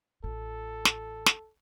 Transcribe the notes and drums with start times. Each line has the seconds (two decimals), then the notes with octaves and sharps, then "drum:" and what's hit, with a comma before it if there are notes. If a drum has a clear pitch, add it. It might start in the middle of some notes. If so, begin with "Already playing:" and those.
0.24 A1 F4 A4
0.85 drum: snare
1.26 drum: snare